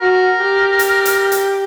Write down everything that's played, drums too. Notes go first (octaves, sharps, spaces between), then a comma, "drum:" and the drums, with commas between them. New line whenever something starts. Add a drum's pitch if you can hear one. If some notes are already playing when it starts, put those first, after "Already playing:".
F#4 A#4
G4
drum: hi-hat
drum: hi-hat
drum: hi-hat